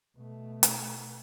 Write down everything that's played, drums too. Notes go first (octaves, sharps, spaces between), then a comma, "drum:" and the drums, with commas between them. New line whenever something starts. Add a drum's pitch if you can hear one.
B2 A3
drum: hi-hat